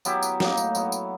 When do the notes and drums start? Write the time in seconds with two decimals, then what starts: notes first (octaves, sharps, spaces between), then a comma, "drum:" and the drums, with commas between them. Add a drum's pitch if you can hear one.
0.05 F#3 B3 E4 G4, drum: tambourine
0.23 drum: tambourine
0.40 A2 F#3 A#3 D#4, drum: snare
0.57 drum: tambourine
0.75 F#3 B3 E4, drum: tambourine
0.92 drum: tambourine